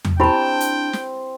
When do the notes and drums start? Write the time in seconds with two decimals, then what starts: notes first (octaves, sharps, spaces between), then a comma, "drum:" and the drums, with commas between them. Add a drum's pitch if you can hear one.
0.05 drum: tom E2
0.20 C4 D4 E4 G4 G5 A5 B5
0.60 drum: hi-hat
0.93 drum: snare